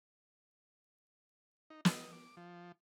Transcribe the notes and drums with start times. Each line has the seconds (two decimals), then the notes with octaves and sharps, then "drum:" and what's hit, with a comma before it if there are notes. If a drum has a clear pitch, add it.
1.70 D#4
1.85 D#5, drum: snare
2.13 D6
2.37 F3